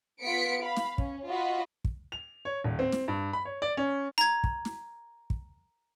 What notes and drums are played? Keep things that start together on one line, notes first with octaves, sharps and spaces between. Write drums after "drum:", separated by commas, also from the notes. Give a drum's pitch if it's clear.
B3 F4 B6 C#7 D7
F5 B5
drum: snare
C#4, drum: kick
F4 F#4 D#5 B5
drum: kick
F7
C#5
D#1
C4
drum: snare
G2
B5
C#5
D5
C#4
A#5 G#6
drum: kick
drum: snare
drum: kick